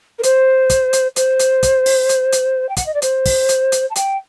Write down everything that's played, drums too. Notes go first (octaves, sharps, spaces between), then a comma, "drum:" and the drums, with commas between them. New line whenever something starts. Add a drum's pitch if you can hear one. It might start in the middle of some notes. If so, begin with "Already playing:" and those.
A#4
C5, drum: hi-hat
drum: kick, hi-hat
drum: hi-hat
C5, drum: hi-hat
drum: hi-hat
drum: kick, hi-hat
drum: open hi-hat
drum: hi-hat
drum: hi-hat
G5
F#5, drum: kick, hi-hat
D#5
D5
C5, drum: hi-hat
drum: kick, open hi-hat
drum: hi-hat
drum: hi-hat
A5
G5, drum: hi-hat